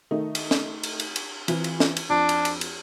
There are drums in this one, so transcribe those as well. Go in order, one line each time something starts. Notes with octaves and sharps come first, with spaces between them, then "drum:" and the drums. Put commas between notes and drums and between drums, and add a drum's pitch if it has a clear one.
D#3 A3 D#4
drum: cymbal
drum: snare
drum: cymbal
drum: cymbal
drum: cymbal
E3 C4 F4, drum: cymbal
drum: cymbal
drum: snare
drum: cymbal
F2 D4
drum: cymbal
drum: cymbal
drum: cymbal